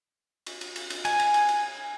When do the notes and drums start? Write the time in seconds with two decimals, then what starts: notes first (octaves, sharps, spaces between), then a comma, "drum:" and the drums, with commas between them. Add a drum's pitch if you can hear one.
0.46 drum: cymbal
0.61 drum: cymbal
0.76 drum: cymbal
0.90 drum: cymbal
1.05 G#5, drum: cymbal
1.19 drum: cymbal
1.34 drum: cymbal
1.49 drum: cymbal